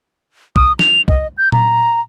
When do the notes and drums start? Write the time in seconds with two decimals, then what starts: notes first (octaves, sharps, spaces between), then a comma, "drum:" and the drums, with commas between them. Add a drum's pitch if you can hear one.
0.56 D#6, drum: kick
0.79 F7, drum: snare
1.08 D#5, drum: kick
1.38 G6
1.52 A#5, drum: tom A#2